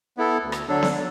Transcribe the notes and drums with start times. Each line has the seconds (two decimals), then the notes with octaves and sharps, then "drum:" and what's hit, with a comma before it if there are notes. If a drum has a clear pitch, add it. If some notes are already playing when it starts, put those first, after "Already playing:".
0.17 B3 E4 A4
0.43 D2
0.52 drum: rim click
0.68 D3 F#3 D4 A4
0.83 drum: snare B3